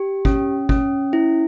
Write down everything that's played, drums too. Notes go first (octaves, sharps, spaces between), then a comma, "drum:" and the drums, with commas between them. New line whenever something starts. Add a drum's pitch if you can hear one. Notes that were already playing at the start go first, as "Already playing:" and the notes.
Already playing: G4
C#4, drum: kick
C#4, drum: kick
E4